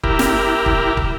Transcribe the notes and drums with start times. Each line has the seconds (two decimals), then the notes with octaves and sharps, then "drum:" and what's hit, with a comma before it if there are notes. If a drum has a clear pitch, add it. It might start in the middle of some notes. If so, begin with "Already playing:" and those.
0.04 E4 G4 A#4, drum: kick
0.19 drum: snare
0.66 drum: kick
0.97 drum: kick